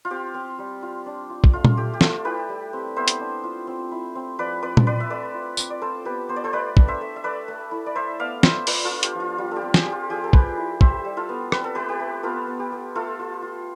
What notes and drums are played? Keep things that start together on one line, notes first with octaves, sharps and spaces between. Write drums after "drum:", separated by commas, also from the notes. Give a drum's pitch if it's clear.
F4
C4 G4
C4
G3
F4
D4
F4
drum: kick
A3 F4
drum: tom A#2
A3 G4
G4
A3 F4 A4, drum: snare
E4 G4 B4
G3
C4
B3 C5 E5
drum: hi-hat
D4
F4
C4
E4
C4
F3 B4 D5
C4 B4 D5
drum: tom A#2
C4 B4 D5
E5
A3 B4 D5
F4
C4, drum: tambourine
D5
F4 A4 C5
B3 G4 B4
B3 C5
D5
A4 C5
A3 B4 D5
D4, drum: kick
C5 E5
A3
E5
A3 B4 D5
A3
E4
D5
E4 C5 E5
B3 D5 F5
B3 C5 E5, drum: snare
F4 B4 D5, drum: open hi-hat
F4 A4
D4
G4, drum: hi-hat
F3
F4
G3 F4
G4 A4
C4
G4, drum: snare
G3
F4
F3 G4
A4
F3 G4 B4, drum: kick
E4
G3 C5 E5, drum: kick
G3
F4 A4
B3
C4 B4, drum: rim click
A4
A3 G4 B4
G4
A3
B3 F4 A4
B3
G4
B3
A3 F4 A4
F4
F4